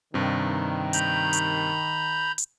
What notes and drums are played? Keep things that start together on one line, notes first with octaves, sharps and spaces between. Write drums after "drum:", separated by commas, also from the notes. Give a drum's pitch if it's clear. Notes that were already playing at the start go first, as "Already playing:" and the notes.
G2 C3 D#3
A#5 B5 G6, drum: hi-hat
drum: hi-hat
drum: hi-hat